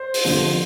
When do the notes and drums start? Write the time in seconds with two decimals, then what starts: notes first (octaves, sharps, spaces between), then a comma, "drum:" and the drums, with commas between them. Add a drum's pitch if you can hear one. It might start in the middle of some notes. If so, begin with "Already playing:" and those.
Already playing: C5
0.14 drum: open hi-hat
0.25 F1 F2 D3 F3